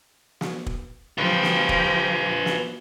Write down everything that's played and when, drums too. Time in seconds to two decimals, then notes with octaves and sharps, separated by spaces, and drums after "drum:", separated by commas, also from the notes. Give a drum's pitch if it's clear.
0.41 drum: snare
0.66 drum: kick
1.18 F3 F4 G4 B4
1.43 drum: snare
1.69 drum: kick
2.46 drum: snare